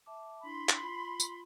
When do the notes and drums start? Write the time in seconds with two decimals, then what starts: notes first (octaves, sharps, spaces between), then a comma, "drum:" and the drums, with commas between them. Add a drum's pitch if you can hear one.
0.06 E5 A5 D6
0.43 D4 E4 B5 C6
0.69 drum: clap
0.80 F4
1.20 drum: tambourine